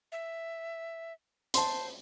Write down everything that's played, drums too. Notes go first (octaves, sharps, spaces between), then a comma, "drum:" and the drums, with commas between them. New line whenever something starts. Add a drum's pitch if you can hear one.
E5
C5 A5 C6, drum: hi-hat